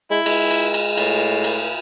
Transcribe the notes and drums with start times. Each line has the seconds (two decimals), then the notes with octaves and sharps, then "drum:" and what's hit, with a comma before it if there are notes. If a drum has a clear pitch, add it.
0.11 G#3 E4
0.26 G#3, drum: cymbal
0.51 drum: cymbal
0.74 drum: cymbal
0.97 A2, drum: cymbal
1.44 drum: cymbal